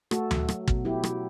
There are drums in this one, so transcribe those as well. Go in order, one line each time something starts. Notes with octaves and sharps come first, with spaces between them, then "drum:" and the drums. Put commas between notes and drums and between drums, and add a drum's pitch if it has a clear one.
A3 F#4 A4, drum: rim click
F#3, drum: tom D2
F#3, drum: rim click
B2, drum: kick
F#3 E4 G4
F#3, drum: rim click